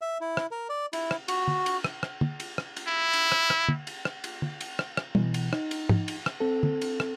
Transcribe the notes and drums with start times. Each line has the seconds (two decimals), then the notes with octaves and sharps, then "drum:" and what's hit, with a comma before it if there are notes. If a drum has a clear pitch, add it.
0.01 E5
0.21 E4
0.37 drum: rim click
0.51 A#4
0.69 D5
0.93 E4, drum: cymbal
1.11 drum: rim click
1.28 F#4, drum: cymbal
1.48 drum: tom
1.66 drum: cymbal
1.84 drum: rim click
2.03 drum: rim click
2.21 drum: tom
2.40 drum: cymbal
2.58 drum: rim click
2.77 drum: cymbal
2.88 E4
3.13 drum: cymbal
3.32 drum: rim click
3.50 drum: rim click
3.69 drum: tom
3.87 drum: cymbal
4.05 drum: rim click
4.24 drum: cymbal
4.42 drum: tom
4.61 drum: cymbal
4.79 drum: rim click
4.97 drum: rim click
5.15 B2 E3, drum: tom
5.34 drum: cymbal
5.53 D#4, drum: rim click
5.71 drum: cymbal
5.89 drum: tom
6.08 drum: cymbal
6.26 drum: rim click
6.40 C4 A4
6.63 drum: tom
6.82 drum: cymbal
7.00 drum: rim click